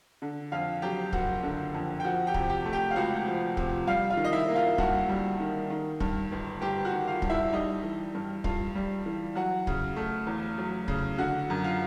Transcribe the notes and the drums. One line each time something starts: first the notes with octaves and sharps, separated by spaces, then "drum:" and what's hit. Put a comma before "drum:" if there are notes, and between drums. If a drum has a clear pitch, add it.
D3
F2 F4 F5
F#3 G4 G5
F#1 F#4 F#5, drum: kick
D3
F2
G5
F3 F#4 F#5
G4 G5
C3, drum: kick
G4 G5
A3
G4 G5
F5
C#2 F#4 F#5
F3
C3, drum: kick
G3 F4 F5
F4 F5
D#3
D#5
E4 E5
A#3
F4 F5
G2 F#4 F#5, drum: kick
G3
D#3
D#3
G2, drum: kick
G1
G1 G4 G5
F#4 F#5
D#3
F4 F5
G2, drum: kick
E4 E5
G3 D#4 D#5
E3
G2
G2 F4 F5, drum: kick
G3
E3
F#3 F#4 F#5
C#3, drum: kick
A3
E2
F#3
C#3, drum: kick
D3 F#4 F#5
F#2
F4 F5